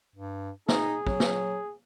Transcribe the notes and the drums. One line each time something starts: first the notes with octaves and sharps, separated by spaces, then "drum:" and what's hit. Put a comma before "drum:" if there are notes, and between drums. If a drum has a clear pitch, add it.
G2
D#4 G#4, drum: snare
F#3, drum: kick
drum: snare